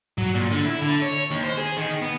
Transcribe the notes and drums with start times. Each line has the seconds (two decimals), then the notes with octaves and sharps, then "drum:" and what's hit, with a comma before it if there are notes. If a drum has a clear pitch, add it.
0.18 F#3, drum: tom G2
0.35 A#2
0.51 D3
0.65 E4
0.82 D3
1.02 C#5
1.31 D#2
1.43 C5
1.57 G#4
1.77 D#3
2.02 B3